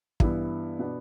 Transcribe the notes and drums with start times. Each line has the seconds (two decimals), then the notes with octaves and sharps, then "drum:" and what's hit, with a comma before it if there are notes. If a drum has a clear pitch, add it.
0.20 G2 E3 B3 E4, drum: kick
0.79 B2 B3 D4